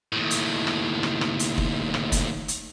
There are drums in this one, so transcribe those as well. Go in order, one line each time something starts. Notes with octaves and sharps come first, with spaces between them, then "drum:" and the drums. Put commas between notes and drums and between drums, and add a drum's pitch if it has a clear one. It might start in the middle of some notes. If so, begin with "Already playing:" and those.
D#2 A2
drum: hi-hat
drum: rim click
drum: rim click
drum: rim click
drum: hi-hat
drum: kick
drum: rim click
drum: kick, hi-hat
drum: hi-hat